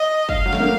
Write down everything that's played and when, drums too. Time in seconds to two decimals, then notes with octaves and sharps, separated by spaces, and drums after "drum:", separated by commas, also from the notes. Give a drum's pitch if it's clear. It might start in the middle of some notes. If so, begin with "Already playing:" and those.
Already playing: D#5
0.29 F5, drum: kick
0.46 F#3
0.53 A3, drum: snare
0.60 A#3